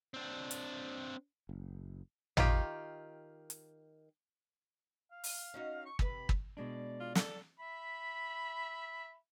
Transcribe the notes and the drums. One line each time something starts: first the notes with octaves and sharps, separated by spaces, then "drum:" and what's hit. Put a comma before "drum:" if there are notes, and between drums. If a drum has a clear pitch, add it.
C4 D4
drum: hi-hat
F#1
D#3 F4 G4, drum: tom
drum: hi-hat
F5
drum: open hi-hat
C#4 D#4 F#4
C#6
C3 B4 B5, drum: kick
drum: kick
B2 G#3 D4 D5
F4
A4, drum: snare
E5 B5